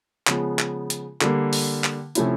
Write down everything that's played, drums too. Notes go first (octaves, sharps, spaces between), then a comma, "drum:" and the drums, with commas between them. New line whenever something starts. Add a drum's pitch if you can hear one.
C#3 F3 G#3 B3, drum: clap
drum: clap
drum: hi-hat
D3 G3 A#3, drum: clap
drum: open hi-hat
drum: clap
C3 F3 A3 C#4 E4, drum: hi-hat